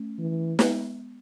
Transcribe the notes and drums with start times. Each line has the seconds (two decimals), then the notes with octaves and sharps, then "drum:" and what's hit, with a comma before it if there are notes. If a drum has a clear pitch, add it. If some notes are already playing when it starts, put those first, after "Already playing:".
Already playing: A3 C#4
0.19 E3
0.59 G#3 B3, drum: snare